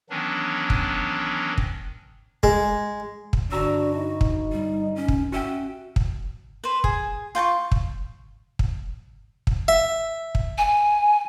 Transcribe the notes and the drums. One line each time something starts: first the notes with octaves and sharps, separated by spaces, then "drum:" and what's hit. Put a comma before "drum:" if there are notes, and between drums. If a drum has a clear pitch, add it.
D#3 E3 F#3 B3 C#4 D4
drum: kick
drum: kick
G#3, drum: kick
drum: kick
G1 D4 F#4 A#5 E6
D#4
drum: kick
G3
C#4
drum: kick
C#4 F#4 E5 G5
drum: kick
B4 C5
G#4, drum: kick
F4 G5 A5 C#6
drum: kick
drum: kick
drum: kick
E5
drum: kick
G#5